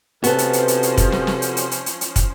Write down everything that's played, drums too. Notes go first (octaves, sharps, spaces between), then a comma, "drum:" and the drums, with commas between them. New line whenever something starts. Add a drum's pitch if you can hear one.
C3 F3 B3 C#4 F#4 A4 C5, drum: hi-hat
drum: hi-hat
drum: hi-hat
drum: hi-hat
drum: hi-hat
drum: kick, hi-hat
drum: snare
drum: snare
drum: hi-hat
drum: hi-hat
drum: hi-hat
drum: hi-hat
drum: hi-hat
drum: kick, hi-hat